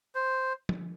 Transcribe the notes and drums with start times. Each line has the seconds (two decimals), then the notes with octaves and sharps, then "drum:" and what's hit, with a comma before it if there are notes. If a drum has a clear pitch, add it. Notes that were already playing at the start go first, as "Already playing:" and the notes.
0.15 C5
0.69 drum: tom